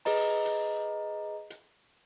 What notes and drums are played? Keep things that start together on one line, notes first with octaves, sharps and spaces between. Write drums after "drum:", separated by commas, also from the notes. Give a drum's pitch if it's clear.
G#4 B4 D#5 A#5, drum: open hi-hat
drum: hi-hat
drum: hi-hat